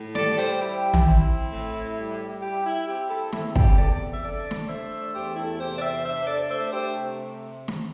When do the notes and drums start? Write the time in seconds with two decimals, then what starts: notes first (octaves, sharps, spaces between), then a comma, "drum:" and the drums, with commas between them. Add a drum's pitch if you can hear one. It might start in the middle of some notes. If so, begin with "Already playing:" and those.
Already playing: A2
0.15 G3 A4 D5, drum: snare
0.38 G4 C5, drum: hi-hat
0.61 E4 G4
0.94 drum: tom
1.06 C4 E4
1.51 A2
1.97 G3
2.42 E4 G4
2.65 E4
2.88 C4 G4
3.10 E4 A4
3.32 E2 E4, drum: snare
3.55 G4, drum: kick
3.78 C3 A4 D5
4.13 E5
4.23 D4 A4 D5
4.51 drum: snare
4.68 A3 C5 E5
5.13 E2 G4 C5
5.36 E4 A4
5.59 C3 G4 C5
5.77 D5
5.82 C5 E5
6.04 D4 C5 E5
6.20 C5
6.27 A4 D5
6.50 A3 C5 E5
6.72 G4 C5
6.96 C3
7.68 drum: snare